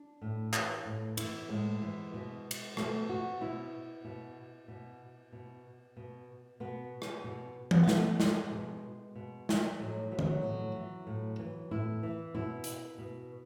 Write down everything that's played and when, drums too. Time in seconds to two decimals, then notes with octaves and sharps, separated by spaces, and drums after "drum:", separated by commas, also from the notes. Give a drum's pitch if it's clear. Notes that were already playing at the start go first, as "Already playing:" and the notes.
Already playing: D4
0.22 A2
0.53 E3, drum: clap
0.85 A2
1.17 E3 E4, drum: cymbal
1.49 A2 G#3
1.81 E3
2.14 B2
2.51 drum: cymbal
2.77 B2 A3, drum: rim click
3.09 F#4
3.41 B2 E4
4.05 B2
4.68 B2
5.32 B2
5.97 B2
6.60 B2 B3
7.02 drum: rim click
7.24 B2
7.71 drum: tom E3
7.83 B3
7.88 B2 A3, drum: snare
8.20 G#3, drum: snare
8.51 B2
9.15 B2
9.49 drum: snare
9.79 A2 F#3
10.12 E3 F#3
10.19 G#3, drum: tom D#3
10.26 F#3
10.43 A2
10.75 E3
11.07 A2
11.39 E3
11.71 A2 E4
12.03 E3
12.35 B2 E4
12.64 drum: hi-hat
12.98 B2